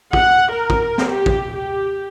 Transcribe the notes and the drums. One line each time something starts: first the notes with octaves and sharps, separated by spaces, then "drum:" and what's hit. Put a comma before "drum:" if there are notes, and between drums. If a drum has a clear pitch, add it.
F#5, drum: kick
A#4
drum: kick
drum: snare
G4
drum: kick
G4